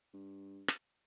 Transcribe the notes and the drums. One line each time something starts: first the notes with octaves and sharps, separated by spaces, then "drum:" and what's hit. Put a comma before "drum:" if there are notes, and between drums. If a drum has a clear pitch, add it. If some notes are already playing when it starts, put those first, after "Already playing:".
G2
drum: rim click